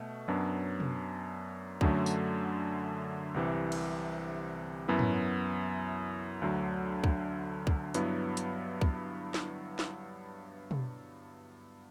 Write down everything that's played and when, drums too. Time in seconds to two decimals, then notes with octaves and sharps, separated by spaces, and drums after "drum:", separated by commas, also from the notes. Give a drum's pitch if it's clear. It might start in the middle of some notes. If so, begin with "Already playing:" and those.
Already playing: B2 A3
0.28 F#2 F#3 B3 D4
0.80 drum: tom B2
1.81 F#2 D3 F#3 A3, drum: kick
2.06 drum: tambourine
3.34 C2 C3 E3
3.72 drum: cymbal
4.88 F#2 F#3 B3 E4
4.99 drum: tom G#2
6.42 D2 D3 F#3
7.04 drum: kick
7.67 drum: kick
7.94 G2 F#3 B3 E4, drum: hi-hat
8.37 drum: hi-hat
8.81 drum: kick
9.34 drum: snare
9.79 drum: snare
10.71 drum: tom B2